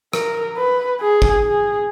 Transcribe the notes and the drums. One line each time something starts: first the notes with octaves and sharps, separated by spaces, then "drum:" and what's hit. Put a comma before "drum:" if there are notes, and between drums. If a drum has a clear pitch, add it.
A#4, drum: rim click
B4
G#4
drum: kick
G#4